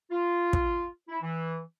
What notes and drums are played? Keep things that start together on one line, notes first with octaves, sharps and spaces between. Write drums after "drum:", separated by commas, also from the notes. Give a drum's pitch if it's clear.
F4
drum: kick
E4
E3